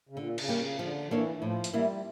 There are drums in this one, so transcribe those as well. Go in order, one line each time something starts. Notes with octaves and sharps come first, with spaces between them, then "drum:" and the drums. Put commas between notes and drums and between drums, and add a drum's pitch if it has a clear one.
C#3
A#2 D3
C#3, drum: cymbal
G3 A#3 C#4 G4
C#3
D3 F3
F3
E3 A#3 D4 A4 C#5
E3
A2 F3
drum: hi-hat
E3 G3 A#3 E4